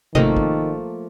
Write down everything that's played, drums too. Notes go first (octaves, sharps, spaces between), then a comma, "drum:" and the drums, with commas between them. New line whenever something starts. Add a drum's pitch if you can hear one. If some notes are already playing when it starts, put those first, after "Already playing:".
G#1 C3 D#3 F3 A3 A#3 D#5, drum: kick
drum: kick